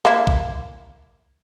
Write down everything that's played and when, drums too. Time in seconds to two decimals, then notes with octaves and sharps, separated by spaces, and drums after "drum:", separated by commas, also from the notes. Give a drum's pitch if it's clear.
0.05 A#3 E4
0.27 drum: kick B1